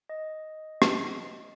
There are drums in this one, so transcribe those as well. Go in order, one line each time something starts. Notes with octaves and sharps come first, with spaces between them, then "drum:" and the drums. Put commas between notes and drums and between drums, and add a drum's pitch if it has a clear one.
D#5
drum: rim click